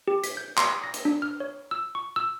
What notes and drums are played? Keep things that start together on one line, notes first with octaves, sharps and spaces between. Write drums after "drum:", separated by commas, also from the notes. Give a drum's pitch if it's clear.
G4
B6, drum: hi-hat
G6
C6, drum: clap
A#6
drum: hi-hat
D4
F6
C#5
E6
C#6
E6